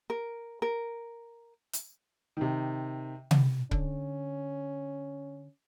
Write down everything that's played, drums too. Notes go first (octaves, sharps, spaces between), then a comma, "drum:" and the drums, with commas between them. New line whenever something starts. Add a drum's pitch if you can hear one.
A#4
A#4
drum: hi-hat
C3 D#3
drum: tom C3
D3 C#4, drum: kick C#1